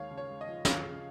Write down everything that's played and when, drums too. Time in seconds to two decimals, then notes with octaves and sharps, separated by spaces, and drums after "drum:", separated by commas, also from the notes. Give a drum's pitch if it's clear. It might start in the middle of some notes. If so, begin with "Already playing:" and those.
Already playing: D#2 G#3 C#5 F5
0.11 C#3
0.17 C#5
0.30 G#3
0.41 D#5
0.47 F3
0.65 F2 C#5 F5, drum: snare
0.83 C#3